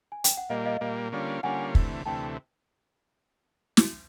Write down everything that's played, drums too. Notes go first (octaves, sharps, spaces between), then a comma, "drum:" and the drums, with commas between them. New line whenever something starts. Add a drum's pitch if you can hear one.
G#5
G5, drum: hi-hat
F#5
A#2 G3 A#3 D#5 F5
D#5 F5
A#2 G3 A#3
D3 G3 A#3 C#4 F4
D3 G3 A#3 C#4 F4 F#5 G#5
D2 C3 E3 A3, drum: kick
D2 C3 E3 A3 G5 A5
drum: snare